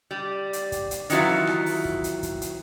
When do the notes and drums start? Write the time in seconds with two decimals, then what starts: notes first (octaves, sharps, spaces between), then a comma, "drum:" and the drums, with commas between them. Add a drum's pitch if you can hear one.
0.11 G3
0.53 drum: hi-hat
0.72 drum: kick, hi-hat
0.91 drum: hi-hat
1.10 D#3 E3 F#3 F4 E5, drum: hi-hat
1.47 drum: rim click
1.66 drum: open hi-hat
1.85 drum: kick
2.04 drum: hi-hat
2.23 drum: kick, hi-hat
2.41 drum: hi-hat